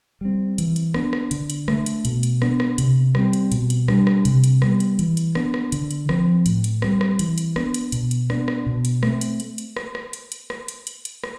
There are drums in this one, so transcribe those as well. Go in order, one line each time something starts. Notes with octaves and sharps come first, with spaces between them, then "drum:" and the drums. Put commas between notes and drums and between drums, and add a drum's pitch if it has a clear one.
G3 C4
E3, drum: hi-hat
drum: hi-hat
B3 D4, drum: rim click
drum: rim click
D3, drum: hi-hat
drum: hi-hat
A3 D4, drum: rim click
drum: hi-hat
B2, drum: hi-hat
drum: hi-hat
B3 D4, drum: rim click
drum: rim click
C3, drum: hi-hat
G3 C4, drum: rim click
drum: hi-hat
B2, drum: hi-hat
drum: hi-hat
G3 D4, drum: rim click
drum: rim click
C3, drum: hi-hat
drum: hi-hat
G3 B3, drum: rim click
drum: hi-hat
E3, drum: hi-hat
drum: hi-hat
B3 D4, drum: rim click
drum: rim click
D3, drum: hi-hat
drum: hi-hat
F3 C4, drum: rim click
A2, drum: hi-hat
drum: hi-hat
G3 C4, drum: rim click
drum: rim click
E3, drum: hi-hat
drum: hi-hat
B3 D4, drum: rim click
drum: hi-hat
B2, drum: hi-hat
drum: hi-hat
B3 D4, drum: rim click
drum: rim click
B2
drum: hi-hat
A3 C4, drum: rim click
drum: hi-hat
drum: hi-hat
drum: hi-hat
drum: rim click
drum: rim click
drum: hi-hat
drum: hi-hat
drum: rim click
drum: hi-hat
drum: hi-hat
drum: hi-hat
drum: rim click